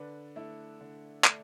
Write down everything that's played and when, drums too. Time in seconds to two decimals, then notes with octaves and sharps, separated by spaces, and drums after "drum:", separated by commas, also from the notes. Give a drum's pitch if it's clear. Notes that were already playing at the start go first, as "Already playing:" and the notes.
Already playing: D3 B4 D5
0.36 A3 E4
0.81 D3
1.24 A3 D4, drum: clap